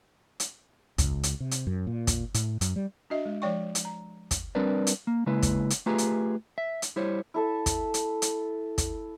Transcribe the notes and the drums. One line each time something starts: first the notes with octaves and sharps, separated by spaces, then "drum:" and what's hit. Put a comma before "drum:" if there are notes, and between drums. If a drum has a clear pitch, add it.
drum: hi-hat
C#2, drum: kick, hi-hat
drum: hi-hat
C3
drum: hi-hat
F#2
A#2
drum: kick, hi-hat
A2, drum: hi-hat
F#2, drum: hi-hat
G3
D4 F#4 D#5 E5
G#3
F3 G#3 C#5 D5 G5 C#6
drum: hi-hat
A#5
drum: kick, hi-hat
G3 C4 D4 A#4 B4 D5
drum: hi-hat
A#3
C#3 G#3 A#3 E4 B4
drum: kick, hi-hat
drum: hi-hat
A3 F4 G4 G#4 B4 A#5
drum: hi-hat
E5
drum: hi-hat
G3 E4 C5 C#5
E4 A4 E5
drum: kick, hi-hat
drum: hi-hat
drum: hi-hat
drum: kick, hi-hat